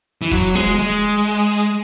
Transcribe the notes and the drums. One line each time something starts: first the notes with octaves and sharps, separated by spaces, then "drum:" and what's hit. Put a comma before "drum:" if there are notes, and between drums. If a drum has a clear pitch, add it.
E3
F#3, drum: kick, hi-hat
G#3, drum: snare
G#3, drum: hi-hat
drum: hi-hat
drum: open hi-hat
drum: hi-hat